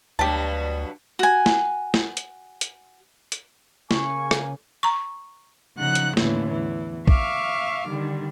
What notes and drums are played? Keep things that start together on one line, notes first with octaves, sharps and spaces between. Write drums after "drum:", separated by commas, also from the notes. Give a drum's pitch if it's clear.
D2 G2 B2 F#3 G4 A5
F#4 G#5
drum: snare
drum: snare
drum: hi-hat
drum: hi-hat
drum: hi-hat
C#3 A#3 G#5 C#6, drum: snare
drum: rim click
A#5 C#6
C#3 F3 D#4 F#5 F#6
drum: hi-hat
D#2 A2 D3 E3 C#4, drum: snare
E2 E3
E5 F5 C#6 D6 F6, drum: kick
D3 D#3 G3